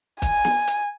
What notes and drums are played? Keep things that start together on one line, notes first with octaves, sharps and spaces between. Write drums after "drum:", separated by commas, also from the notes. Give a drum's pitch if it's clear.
G#5, drum: kick, hi-hat
drum: snare
drum: hi-hat